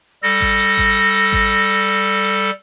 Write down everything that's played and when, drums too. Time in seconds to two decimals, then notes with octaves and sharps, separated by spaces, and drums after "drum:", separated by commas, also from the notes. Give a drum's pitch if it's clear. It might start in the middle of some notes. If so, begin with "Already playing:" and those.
0.23 G3 A4 A#6
0.41 drum: kick G#1, hi-hat
0.59 drum: hi-hat
0.78 drum: kick G#1, hi-hat
0.96 drum: hi-hat
1.14 drum: hi-hat
1.33 drum: kick G#1, hi-hat
1.69 drum: hi-hat
1.88 drum: hi-hat
2.24 drum: hi-hat